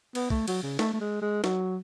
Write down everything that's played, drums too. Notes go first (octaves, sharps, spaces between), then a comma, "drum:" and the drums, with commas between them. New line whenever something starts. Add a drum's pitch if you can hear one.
B3, drum: cymbal
A3, drum: kick
F#3, drum: cymbal
C#3
A3, drum: snare
A3
G#3
G#3
F#3, drum: snare